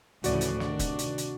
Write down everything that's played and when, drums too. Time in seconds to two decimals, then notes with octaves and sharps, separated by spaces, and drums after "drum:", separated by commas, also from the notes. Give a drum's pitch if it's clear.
0.24 D2 A2 C#3 E3 F3 F#4 D5, drum: hi-hat
0.41 drum: hi-hat
0.60 C3 D#3 D4, drum: snare
0.79 drum: kick, hi-hat
0.99 drum: hi-hat
1.18 drum: hi-hat